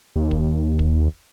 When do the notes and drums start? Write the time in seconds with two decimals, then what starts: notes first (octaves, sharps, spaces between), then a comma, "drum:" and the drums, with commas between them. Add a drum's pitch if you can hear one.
0.16 D#2
0.31 drum: kick
0.79 drum: kick